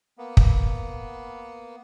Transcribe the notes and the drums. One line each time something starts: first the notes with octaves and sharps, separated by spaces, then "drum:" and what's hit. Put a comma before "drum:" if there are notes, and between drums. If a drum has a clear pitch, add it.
A#3 B3
drum: kick